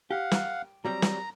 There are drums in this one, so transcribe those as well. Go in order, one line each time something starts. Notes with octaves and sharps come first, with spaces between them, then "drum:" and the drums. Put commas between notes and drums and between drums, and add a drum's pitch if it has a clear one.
G4 F5 F#5
drum: snare
F#3 G3 C4 A#5
drum: snare